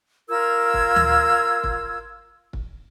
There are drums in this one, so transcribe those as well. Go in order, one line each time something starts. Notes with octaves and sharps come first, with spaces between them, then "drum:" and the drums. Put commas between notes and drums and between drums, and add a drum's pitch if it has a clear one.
F4 A#4 E6 G#6
drum: kick
drum: tom D2
drum: kick
drum: kick